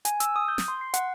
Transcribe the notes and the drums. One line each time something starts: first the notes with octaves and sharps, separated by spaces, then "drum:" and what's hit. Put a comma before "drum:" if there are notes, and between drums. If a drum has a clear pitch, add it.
G#5, drum: hi-hat
E6, drum: hi-hat
D#6
G6
drum: snare
C6
C7
F#5, drum: hi-hat